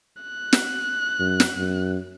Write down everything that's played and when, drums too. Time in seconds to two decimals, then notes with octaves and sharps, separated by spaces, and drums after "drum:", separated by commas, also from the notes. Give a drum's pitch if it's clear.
0.22 F#6
0.53 drum: snare
1.19 F#2
1.40 drum: snare
1.57 F#2